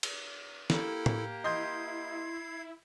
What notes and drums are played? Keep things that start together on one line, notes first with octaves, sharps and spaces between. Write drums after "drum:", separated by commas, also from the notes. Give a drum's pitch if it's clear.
drum: cymbal
A#3 E4 G4 A4, drum: snare
drum: tom A2
E4 D#5 C6 G6 G#6 C7